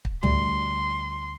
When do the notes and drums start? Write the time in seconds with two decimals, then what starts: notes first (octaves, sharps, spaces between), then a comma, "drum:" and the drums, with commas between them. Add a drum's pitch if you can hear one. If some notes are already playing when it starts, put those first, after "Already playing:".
0.05 drum: kick
0.23 D2 G3 A3 C6, drum: tom C#2